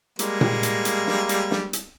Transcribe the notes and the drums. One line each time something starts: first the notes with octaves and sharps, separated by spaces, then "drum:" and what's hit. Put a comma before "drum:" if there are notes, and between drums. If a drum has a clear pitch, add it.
G3 G#3 A#3, drum: hi-hat
drum: tom A#2
drum: hi-hat
drum: hi-hat
drum: snare
drum: hi-hat
drum: snare
drum: hi-hat